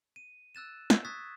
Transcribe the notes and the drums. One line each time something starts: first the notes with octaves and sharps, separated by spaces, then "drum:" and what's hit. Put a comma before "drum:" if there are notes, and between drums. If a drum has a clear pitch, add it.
D#7
E6 F#6 A6 E7
E6, drum: snare
C#6 D#6 F#6 G#6 A6 B6